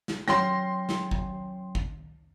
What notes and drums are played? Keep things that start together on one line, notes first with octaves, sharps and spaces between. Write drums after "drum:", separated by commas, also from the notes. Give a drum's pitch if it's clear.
drum: snare
F#3 C#4 G5 C6 A#6, drum: snare
drum: snare
drum: kick
drum: kick